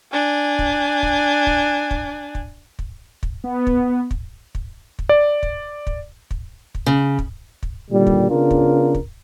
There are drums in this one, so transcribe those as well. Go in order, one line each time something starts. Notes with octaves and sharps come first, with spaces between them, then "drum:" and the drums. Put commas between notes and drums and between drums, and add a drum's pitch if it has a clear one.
D4 G#5
drum: kick
drum: kick
drum: kick
drum: kick
drum: kick
drum: kick
drum: kick
B3
drum: kick
drum: kick
drum: kick
drum: kick
D5
drum: kick
drum: kick
drum: kick
drum: kick
C#3
drum: kick
drum: kick
A#2 D3 D#3 G3
drum: kick
C#3 B3 D4 F4 A#4
drum: kick
drum: kick